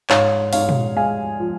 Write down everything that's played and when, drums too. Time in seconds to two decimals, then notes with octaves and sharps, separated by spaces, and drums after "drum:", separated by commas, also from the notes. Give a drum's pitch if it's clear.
0.10 G#2 C#5 F5, drum: clap
0.53 G#2 C#5 F5, drum: open hi-hat
0.69 drum: tom
0.96 G#3 F5 G#5
1.40 F3